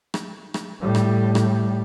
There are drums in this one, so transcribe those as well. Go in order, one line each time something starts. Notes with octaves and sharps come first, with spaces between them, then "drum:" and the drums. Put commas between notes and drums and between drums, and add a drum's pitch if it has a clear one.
drum: rim click
drum: rim click
A2 G3
drum: rim click
drum: rim click